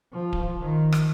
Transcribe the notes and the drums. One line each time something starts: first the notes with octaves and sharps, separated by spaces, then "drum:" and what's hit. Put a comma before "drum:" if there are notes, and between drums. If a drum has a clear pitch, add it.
F3
drum: kick D1
D#3
drum: rim click